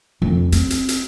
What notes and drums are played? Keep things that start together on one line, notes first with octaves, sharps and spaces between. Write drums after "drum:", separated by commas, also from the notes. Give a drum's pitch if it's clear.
F2
C4, drum: hi-hat
drum: hi-hat
drum: hi-hat